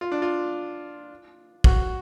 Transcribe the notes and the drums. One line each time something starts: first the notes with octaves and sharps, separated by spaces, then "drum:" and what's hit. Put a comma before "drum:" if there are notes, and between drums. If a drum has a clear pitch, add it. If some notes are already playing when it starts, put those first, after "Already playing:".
F4
D4
F4
F#4, drum: kick